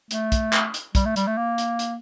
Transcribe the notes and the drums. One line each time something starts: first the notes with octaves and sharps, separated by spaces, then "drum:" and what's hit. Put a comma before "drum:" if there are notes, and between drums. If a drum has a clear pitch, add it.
A3, drum: hi-hat
drum: kick, hi-hat
drum: clap
drum: hi-hat
G3, drum: kick, hi-hat
A3
G3, drum: hi-hat
A3
A#3
drum: hi-hat
drum: hi-hat